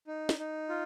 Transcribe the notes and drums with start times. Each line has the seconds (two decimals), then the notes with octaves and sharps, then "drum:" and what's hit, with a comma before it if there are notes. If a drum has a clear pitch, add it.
0.07 D#4
0.29 drum: snare
0.39 D#4
0.69 F4